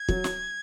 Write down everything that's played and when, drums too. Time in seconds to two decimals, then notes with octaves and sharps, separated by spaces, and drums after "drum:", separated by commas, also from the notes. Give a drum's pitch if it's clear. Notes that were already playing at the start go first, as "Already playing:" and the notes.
Already playing: G#6
0.09 F#3, drum: kick
0.24 drum: snare